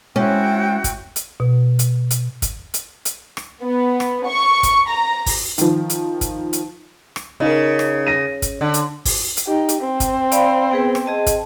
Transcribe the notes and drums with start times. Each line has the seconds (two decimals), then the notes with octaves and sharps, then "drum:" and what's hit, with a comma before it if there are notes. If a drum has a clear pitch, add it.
0.16 G#3 C#4 E4 F#4 C5 G5
0.84 drum: kick, hi-hat
1.16 drum: hi-hat
1.40 B2
1.79 drum: hi-hat
2.10 drum: hi-hat
2.42 drum: kick, hi-hat
2.74 drum: hi-hat
3.05 drum: hi-hat
3.37 drum: rim click
3.62 B3
4.00 drum: rim click
4.27 C#6
4.63 drum: kick, hi-hat
4.88 A#5
5.26 drum: kick, open hi-hat
5.58 D#3 F3, drum: hi-hat
5.90 drum: hi-hat
6.21 drum: kick, hi-hat
6.53 drum: hi-hat
7.16 drum: rim click
7.40 C#3 D#4 A#4
7.79 drum: rim click
8.07 A#6 D#7
8.42 drum: kick, hi-hat
8.61 D3
8.74 drum: hi-hat
9.05 drum: kick, open hi-hat
9.37 drum: hi-hat
9.47 D#4 G4
9.69 drum: hi-hat
9.81 C4
10.00 drum: kick, hi-hat
10.32 D5 F5 B5, drum: hi-hat
10.71 B3 G#4 B4
10.95 drum: rim click
11.06 G#4 D#5 A5
11.26 drum: kick, hi-hat